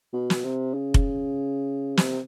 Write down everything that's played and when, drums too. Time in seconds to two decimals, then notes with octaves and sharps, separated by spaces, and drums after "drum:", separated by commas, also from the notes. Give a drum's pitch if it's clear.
0.13 B2
0.30 drum: snare
0.44 C3
0.74 C#3
0.94 drum: kick F1
1.97 C3, drum: snare